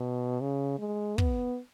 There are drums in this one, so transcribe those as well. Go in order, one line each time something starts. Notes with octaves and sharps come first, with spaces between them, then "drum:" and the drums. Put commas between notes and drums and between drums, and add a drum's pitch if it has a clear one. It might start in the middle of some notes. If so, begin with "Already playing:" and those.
Already playing: B2
C#3
G#3
B3, drum: kick